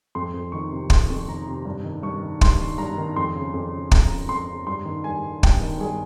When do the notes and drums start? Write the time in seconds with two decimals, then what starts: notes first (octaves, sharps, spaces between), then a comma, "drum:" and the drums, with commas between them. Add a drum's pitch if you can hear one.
0.15 F2 C6
0.34 F2
0.52 D#3 C#6
0.72 C3
0.90 F2 C6, drum: kick
1.10 F2
1.28 D#3 A#5
1.47 C3
1.65 G2
1.84 D#3
2.03 G2 C#6
2.22 D#3
2.41 G2 C6, drum: kick
2.60 D#3
2.78 G2 A#5
2.98 D#3
3.16 F2 C6
3.35 C#3
3.54 F2
3.73 C#3
3.91 F2 A#5, drum: kick
4.11 C#3
4.29 F2 C6
4.49 C#3
4.67 G2 C6
4.85 D#3
5.04 G2 G#5
5.24 D#3
5.43 G2 G5, drum: kick
5.61 D#3
5.80 G2 G#4